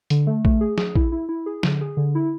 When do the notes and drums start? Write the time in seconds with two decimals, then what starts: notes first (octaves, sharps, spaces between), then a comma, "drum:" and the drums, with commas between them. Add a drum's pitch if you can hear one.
0.10 D3, drum: hi-hat
0.27 A3
0.45 A3, drum: kick A#1
0.61 G#4
0.78 G#4, drum: snare
0.96 E4, drum: kick A#1
1.12 E4
1.29 E4
1.46 G#4
1.63 D3, drum: snare
1.81 G#4
1.97 D3
2.15 E4